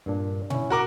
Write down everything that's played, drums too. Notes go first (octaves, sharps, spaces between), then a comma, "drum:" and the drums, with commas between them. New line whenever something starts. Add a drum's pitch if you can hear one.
G2 A#2 D4
C#4 E4, drum: tom A#2
F#4 A#4 D6